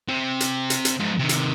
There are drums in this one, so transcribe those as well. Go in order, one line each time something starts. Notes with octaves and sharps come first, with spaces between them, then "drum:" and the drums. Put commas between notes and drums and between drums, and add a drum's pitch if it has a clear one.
C3
drum: hi-hat
drum: hi-hat
drum: hi-hat
G#2 F3
C3 D#3
drum: hi-hat